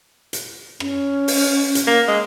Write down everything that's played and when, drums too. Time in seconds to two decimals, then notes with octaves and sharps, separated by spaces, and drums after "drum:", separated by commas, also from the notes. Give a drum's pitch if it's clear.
0.33 drum: hi-hat
0.80 C#4, drum: rim click
1.28 drum: open hi-hat
1.75 drum: hi-hat
1.87 A#3
2.08 G#3